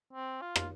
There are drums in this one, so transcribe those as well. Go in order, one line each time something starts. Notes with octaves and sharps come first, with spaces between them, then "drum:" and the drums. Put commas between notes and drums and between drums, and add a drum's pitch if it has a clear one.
C4
F4
drum: rim click